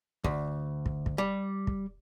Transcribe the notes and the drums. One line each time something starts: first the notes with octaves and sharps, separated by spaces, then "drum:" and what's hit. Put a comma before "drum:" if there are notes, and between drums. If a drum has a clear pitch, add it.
D2, drum: kick
drum: kick
drum: kick
G3
drum: kick